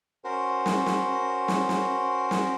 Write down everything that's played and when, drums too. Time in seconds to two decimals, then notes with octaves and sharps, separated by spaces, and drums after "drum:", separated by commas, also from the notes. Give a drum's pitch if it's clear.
0.24 C#4 F#4 A#4 C5
0.66 drum: snare
0.86 drum: snare
1.48 drum: snare
1.69 drum: snare
2.31 drum: snare